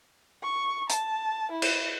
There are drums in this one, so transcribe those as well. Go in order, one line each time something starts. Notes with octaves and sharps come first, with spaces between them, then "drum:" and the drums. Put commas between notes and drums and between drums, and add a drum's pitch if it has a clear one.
C#6
A5, drum: hi-hat
E4
drum: cymbal